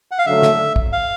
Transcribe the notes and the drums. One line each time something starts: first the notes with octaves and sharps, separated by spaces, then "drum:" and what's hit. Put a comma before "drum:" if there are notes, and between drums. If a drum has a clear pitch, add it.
F#5
F5
D3 F#3 A3 E5
drum: snare
drum: kick
F5